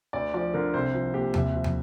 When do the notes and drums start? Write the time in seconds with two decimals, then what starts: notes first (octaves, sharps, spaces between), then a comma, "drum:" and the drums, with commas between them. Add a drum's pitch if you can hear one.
0.13 D2 D5
0.34 F3 D5
0.54 D3 A#4
0.74 C2 C5
0.94 F3
1.14 A#2 G4
1.34 C2 E5, drum: tom
1.55 F3
1.64 drum: tom